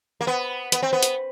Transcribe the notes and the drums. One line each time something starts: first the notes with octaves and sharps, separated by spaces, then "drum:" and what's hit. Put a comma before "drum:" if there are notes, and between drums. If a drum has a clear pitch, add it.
A#3
B3
B3, drum: hi-hat
C4
B3
drum: hi-hat